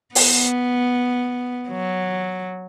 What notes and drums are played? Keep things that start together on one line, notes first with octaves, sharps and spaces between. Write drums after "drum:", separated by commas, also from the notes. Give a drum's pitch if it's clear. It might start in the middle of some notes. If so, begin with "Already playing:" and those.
B3, drum: open hi-hat
F#3